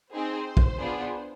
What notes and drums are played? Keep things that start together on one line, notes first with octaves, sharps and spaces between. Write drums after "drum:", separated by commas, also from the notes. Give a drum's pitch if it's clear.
C4 D#4 G#4 C5
drum: kick
B3 D4 F4 G#4